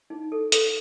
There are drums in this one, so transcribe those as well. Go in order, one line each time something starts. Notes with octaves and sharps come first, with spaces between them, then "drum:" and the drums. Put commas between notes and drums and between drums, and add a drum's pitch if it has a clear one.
D#4
A4
A4, drum: hi-hat